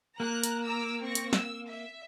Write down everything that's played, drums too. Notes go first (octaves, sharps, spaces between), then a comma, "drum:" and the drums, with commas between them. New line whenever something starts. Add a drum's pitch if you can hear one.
A#3 A#5 F#6
drum: hi-hat
A#5 D6 E6
C4 C#6 A#6
drum: hi-hat
E6, drum: snare
E5